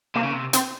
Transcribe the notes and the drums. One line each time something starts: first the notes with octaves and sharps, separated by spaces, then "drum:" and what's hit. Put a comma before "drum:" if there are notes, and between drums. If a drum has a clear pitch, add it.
C3 A#3
C#3
C3
C4, drum: hi-hat